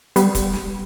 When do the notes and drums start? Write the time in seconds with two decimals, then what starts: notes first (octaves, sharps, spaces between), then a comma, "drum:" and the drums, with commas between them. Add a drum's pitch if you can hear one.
0.16 G3 B3, drum: hi-hat
0.35 drum: kick E1, hi-hat
0.53 drum: snare